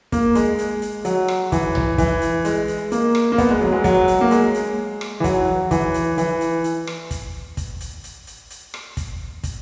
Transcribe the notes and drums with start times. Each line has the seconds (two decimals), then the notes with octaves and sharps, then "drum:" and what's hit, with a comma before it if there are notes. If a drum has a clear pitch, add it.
0.12 A#3, drum: kick, hi-hat
0.35 G#3, drum: hi-hat
0.59 drum: hi-hat
0.82 drum: hi-hat
1.05 F#3, drum: hi-hat
1.28 drum: rim click
1.52 E3, drum: kick, hi-hat
1.75 drum: tom B1
1.98 E3, drum: kick, hi-hat
2.22 drum: hi-hat
2.45 G#3, drum: hi-hat
2.68 drum: hi-hat
2.92 A#3, drum: hi-hat
3.15 drum: rim click
3.32 A#3
3.38 B3, drum: kick, hi-hat
3.50 G#3
3.61 F#3
3.73 G#3
3.84 F#3, drum: kick, hi-hat
4.08 drum: hi-hat
4.21 A#3
4.31 G#3, drum: hi-hat
4.54 drum: hi-hat
5.01 drum: rim click
5.20 E3
5.24 F#3, drum: kick, hi-hat
5.71 E3, drum: kick, hi-hat
5.94 drum: hi-hat
6.18 E3, drum: hi-hat
6.41 drum: hi-hat
6.64 drum: hi-hat
6.87 drum: rim click
7.11 drum: kick, hi-hat
7.57 drum: kick, hi-hat
7.81 drum: hi-hat
8.04 drum: hi-hat
8.27 drum: hi-hat
8.50 drum: hi-hat
8.74 drum: rim click
8.97 drum: kick, hi-hat
9.44 drum: kick, hi-hat